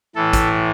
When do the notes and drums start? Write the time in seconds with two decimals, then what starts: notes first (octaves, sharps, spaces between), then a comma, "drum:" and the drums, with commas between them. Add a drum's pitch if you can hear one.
0.16 A2 E3 A4
0.33 drum: kick, hi-hat